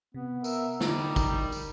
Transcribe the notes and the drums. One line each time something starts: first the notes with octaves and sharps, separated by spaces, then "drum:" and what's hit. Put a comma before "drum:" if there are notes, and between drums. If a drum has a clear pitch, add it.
C3 B3
A#4 E5, drum: tambourine
D3 G3 D#4, drum: snare
drum: kick, tambourine
drum: tambourine